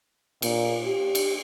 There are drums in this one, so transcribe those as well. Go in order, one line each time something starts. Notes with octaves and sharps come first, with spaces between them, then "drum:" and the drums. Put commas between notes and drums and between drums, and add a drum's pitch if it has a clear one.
A#2, drum: cymbal
G4
drum: cymbal